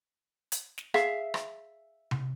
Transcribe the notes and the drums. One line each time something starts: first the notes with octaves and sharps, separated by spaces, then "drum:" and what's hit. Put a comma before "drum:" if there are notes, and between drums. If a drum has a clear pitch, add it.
drum: hi-hat
drum: snare
G#4 E5 F5, drum: rim click
drum: rim click
drum: tom C3